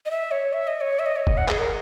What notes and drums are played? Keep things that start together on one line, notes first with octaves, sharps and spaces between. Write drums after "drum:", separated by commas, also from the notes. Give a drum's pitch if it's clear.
D#5
E5
C#5
E5
D#5
C#5
E5
D#5
C#5
D#5, drum: kick F#1
F#5
G#4, drum: clap
A#4